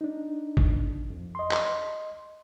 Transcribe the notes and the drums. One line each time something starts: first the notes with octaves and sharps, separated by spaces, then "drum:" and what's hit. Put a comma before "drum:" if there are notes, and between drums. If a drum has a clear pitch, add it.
D4 D#4
drum: kick
F2
D#5 C6
drum: clap